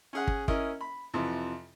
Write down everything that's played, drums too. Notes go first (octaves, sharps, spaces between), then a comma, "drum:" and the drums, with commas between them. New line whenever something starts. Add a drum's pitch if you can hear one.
C#4 G#4 F#5
drum: kick
C#4 E4 A#4 D#5, drum: kick
B5
F2 C3 E3